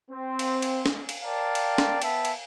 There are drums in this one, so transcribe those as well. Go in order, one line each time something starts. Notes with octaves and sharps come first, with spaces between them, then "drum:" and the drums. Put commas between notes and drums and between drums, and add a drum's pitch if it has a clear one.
C4
drum: cymbal
drum: cymbal
drum: snare
drum: cymbal
A#4 D5 F5 G5 A5
drum: cymbal
drum: snare
B3 E5 G5 A5, drum: cymbal
drum: cymbal